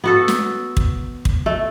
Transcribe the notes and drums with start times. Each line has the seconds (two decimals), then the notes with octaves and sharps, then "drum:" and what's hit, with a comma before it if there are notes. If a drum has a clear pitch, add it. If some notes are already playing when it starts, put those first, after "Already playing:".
0.04 B3 F#4 A4
0.28 drum: snare
0.77 drum: kick
1.25 drum: kick
1.46 A3